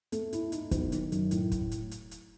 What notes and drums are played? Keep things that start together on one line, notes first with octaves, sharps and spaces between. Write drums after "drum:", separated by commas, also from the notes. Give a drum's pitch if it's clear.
A3, drum: hi-hat
E4, drum: hi-hat
D#4, drum: hi-hat
B1, drum: kick, hi-hat
D#3, drum: hi-hat
F#2, drum: hi-hat
A2, drum: hi-hat
drum: kick, hi-hat
drum: hi-hat
drum: hi-hat
drum: hi-hat